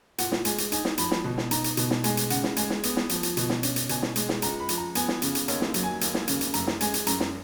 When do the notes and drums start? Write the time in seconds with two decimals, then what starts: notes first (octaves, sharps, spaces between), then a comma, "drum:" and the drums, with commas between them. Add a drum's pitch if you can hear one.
0.18 A#2 F#5, drum: hi-hat
0.32 drum: snare
0.45 G#3 G#5, drum: hi-hat
0.58 drum: hi-hat
0.72 D#4 G#5, drum: hi-hat
0.85 drum: snare
0.98 F3 B5, drum: hi-hat
1.11 drum: snare
1.24 B2
1.38 drum: snare
1.51 D#4 A#5, drum: hi-hat
1.64 drum: hi-hat
1.77 B2, drum: hi-hat
1.91 drum: snare
2.04 G#3 G#5, drum: hi-hat
2.17 drum: hi-hat
2.30 C#3 F#5, drum: hi-hat
2.44 drum: snare
2.57 G#3 G#5, drum: hi-hat
2.70 drum: snare
2.83 B3, drum: hi-hat
2.97 drum: snare
3.09 F3, drum: hi-hat
3.23 drum: hi-hat
3.37 B2, drum: hi-hat
3.49 drum: snare
3.63 C#4, drum: hi-hat
3.76 drum: hi-hat
3.89 B2 G#5, drum: hi-hat
4.02 drum: snare
4.16 G#3, drum: hi-hat
4.29 drum: snare
4.42 C#2 A#5, drum: hi-hat
4.60 B5
4.69 F3, drum: hi-hat
4.77 A#5
4.95 B3 G#5, drum: hi-hat
5.08 drum: snare
5.22 C#3, drum: hi-hat
5.35 drum: hi-hat
5.48 D#2 C#5, drum: hi-hat
5.61 drum: snare
5.74 F#3, drum: hi-hat
5.83 G#5
6.01 D#2, drum: hi-hat
6.14 drum: snare
6.28 C#3, drum: hi-hat
6.41 drum: hi-hat
6.54 F#2 A#5, drum: hi-hat
6.67 drum: snare
6.81 G#3 G#5, drum: hi-hat
6.94 drum: hi-hat
7.07 F#2 A#5, drum: hi-hat
7.20 drum: snare